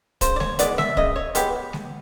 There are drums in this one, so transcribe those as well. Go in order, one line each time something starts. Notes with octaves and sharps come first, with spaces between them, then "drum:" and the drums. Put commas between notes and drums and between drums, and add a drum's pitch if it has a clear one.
C#3 C5, drum: kick, hi-hat
D5
C#5, drum: snare G#3
E3 G#3 B3 D5, drum: hi-hat
E5, drum: snare G#3
C#3 D#5, drum: kick
C#5
E3 G#3 B3 G4, drum: hi-hat
drum: snare G#3